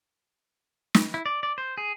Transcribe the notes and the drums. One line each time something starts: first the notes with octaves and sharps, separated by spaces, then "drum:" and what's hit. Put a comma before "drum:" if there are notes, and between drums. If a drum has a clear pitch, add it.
drum: snare
E4
D5
D5
C5
G#4